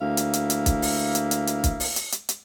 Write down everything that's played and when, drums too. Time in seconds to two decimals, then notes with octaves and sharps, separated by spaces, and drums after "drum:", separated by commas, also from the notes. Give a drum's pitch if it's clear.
0.01 D2 A#3 E4 F5
0.17 drum: hi-hat
0.33 drum: hi-hat
0.50 drum: hi-hat
0.66 drum: kick, hi-hat
0.82 drum: open hi-hat
1.15 drum: hi-hat
1.31 drum: hi-hat
1.47 drum: hi-hat
1.64 drum: kick, hi-hat
1.80 drum: open hi-hat
1.96 drum: hi-hat
2.12 drum: hi-hat
2.29 drum: hi-hat